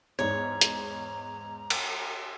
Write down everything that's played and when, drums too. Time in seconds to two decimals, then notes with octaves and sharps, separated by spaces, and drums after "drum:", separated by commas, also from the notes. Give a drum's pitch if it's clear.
0.19 E2 G#2 C#5 A#5 G#6
0.61 drum: hi-hat
1.70 drum: cymbal